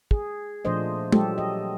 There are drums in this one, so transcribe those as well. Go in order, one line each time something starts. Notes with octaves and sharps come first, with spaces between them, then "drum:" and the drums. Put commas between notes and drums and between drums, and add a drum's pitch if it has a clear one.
G#4, drum: kick
A#2 F3 A3 D4 C5 D#5
F#3 G3 G4 A4, drum: tom
D#5